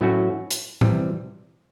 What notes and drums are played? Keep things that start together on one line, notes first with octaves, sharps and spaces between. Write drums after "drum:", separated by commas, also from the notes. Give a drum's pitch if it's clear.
A2 F#3 A3 C#4 F#4
drum: hi-hat
C3 E3 G3, drum: tom A2